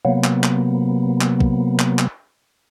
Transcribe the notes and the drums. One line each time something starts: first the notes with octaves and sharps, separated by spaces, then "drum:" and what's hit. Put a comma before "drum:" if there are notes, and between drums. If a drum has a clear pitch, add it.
C3 F#3 A#3 B3
drum: clap
drum: clap
drum: clap
drum: kick
drum: clap
drum: clap